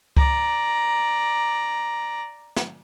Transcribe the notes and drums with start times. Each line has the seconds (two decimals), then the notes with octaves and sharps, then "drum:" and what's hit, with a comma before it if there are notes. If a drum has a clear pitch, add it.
0.17 D5 A#5, drum: kick C#2
2.56 drum: snare